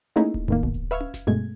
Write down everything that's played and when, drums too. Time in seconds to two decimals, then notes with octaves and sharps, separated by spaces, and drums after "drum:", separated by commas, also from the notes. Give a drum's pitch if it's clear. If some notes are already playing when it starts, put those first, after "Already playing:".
0.16 A3 A#3 C#4 D#4 E4 G#4
0.34 drum: kick D1
0.48 A2 D#3 A#3, drum: tom E2
0.63 G#1 B2, drum: kick D1
0.74 drum: hi-hat
0.91 B4 E5 F5 C#6 F6 G#6
1.01 drum: tom C#4
1.14 drum: snare F1
1.27 G2 B2 G#3 A3 G#6, drum: hi-hat